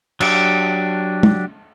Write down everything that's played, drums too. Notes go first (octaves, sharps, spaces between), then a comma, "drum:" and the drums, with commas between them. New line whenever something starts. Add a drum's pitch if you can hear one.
F#3 D4 G4, drum: cymbal
drum: tom